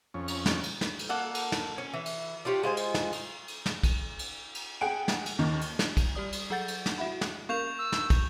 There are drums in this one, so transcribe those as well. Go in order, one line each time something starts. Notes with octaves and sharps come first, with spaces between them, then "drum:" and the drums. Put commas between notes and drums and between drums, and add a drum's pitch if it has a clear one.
F2 C#4
drum: cymbal
drum: snare
drum: cymbal
drum: snare
drum: cymbal
A#3 A4 F#5
drum: cymbal
drum: snare
C#4
E3
drum: cymbal
D4 F4 G4 C#5
G#3 F4 C5 G#5
drum: cymbal
drum: snare
drum: cymbal
drum: cymbal
drum: snare
drum: kick, cymbal
drum: cymbal
drum: cymbal
G#4 F#5 G5 D7
drum: snare
drum: cymbal
D#2 D#3 A#3
drum: cymbal
drum: snare
drum: kick, cymbal
G3 G4 D5 D#6
drum: cymbal
F#3 G#4 A4 F#5 G6 A6
drum: cymbal
drum: snare
E4 F#4 E5 F#5 B5
drum: snare
A#3 F5 C#6 G6 F7
E6
drum: snare
drum: kick, cymbal